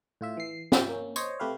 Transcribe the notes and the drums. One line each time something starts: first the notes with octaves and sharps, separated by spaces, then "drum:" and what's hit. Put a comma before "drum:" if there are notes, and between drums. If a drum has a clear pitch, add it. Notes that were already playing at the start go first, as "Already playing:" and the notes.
A2 F4 E5
E3 C7
F3 E5 G5, drum: snare
A#3 C#4
C5 C#5 D#5, drum: tambourine
C3 A3 G4 B4 F5